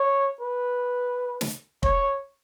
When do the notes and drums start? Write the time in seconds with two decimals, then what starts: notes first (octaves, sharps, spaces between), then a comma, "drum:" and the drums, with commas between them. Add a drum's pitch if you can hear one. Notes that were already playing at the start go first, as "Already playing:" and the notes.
Already playing: C#5
0.41 B4
1.41 drum: snare
1.83 C#5, drum: kick